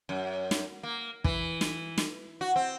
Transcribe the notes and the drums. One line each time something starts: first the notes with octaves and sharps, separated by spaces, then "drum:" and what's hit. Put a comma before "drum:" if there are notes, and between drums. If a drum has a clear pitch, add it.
F#2
drum: snare
A#3
E3, drum: kick
drum: snare
drum: snare
F#4
C4